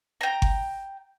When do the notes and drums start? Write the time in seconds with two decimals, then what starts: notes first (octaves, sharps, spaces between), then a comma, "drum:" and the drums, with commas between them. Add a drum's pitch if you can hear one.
0.21 G5 A#5
0.42 drum: kick G1